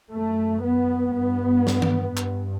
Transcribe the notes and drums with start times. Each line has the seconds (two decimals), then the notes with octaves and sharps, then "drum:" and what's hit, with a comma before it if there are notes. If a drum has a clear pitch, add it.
0.12 F#2 A3
0.64 B3
1.15 G2 B3
1.67 drum: snare
1.82 drum: tom D#3
2.17 G2, drum: clap